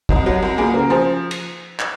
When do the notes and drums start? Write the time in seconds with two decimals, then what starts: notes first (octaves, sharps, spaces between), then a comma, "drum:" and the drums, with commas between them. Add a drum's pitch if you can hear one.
0.09 C2 D#4 F#4, drum: kick
0.26 F#3
0.42 C2
0.58 A#3 F4 G#4
0.74 C#3 F#4 A#4
0.90 F3 G#4 C5
1.31 drum: cymbal
1.80 drum: clap